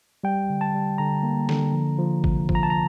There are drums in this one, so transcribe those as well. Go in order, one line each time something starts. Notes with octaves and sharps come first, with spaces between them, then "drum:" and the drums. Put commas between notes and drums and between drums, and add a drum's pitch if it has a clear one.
G3 G5
D3
A5
G3
D3 A#5
A#3
D3, drum: snare
F3
F3
C2, drum: kick
F3, drum: kick
A#5
A5
A#5